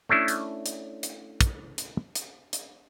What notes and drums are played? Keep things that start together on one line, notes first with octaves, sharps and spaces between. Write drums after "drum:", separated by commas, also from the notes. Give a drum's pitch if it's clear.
A3 C#4 D4 E4
drum: hi-hat
drum: hi-hat
drum: hi-hat
drum: kick, hi-hat
drum: hi-hat
drum: hi-hat
drum: hi-hat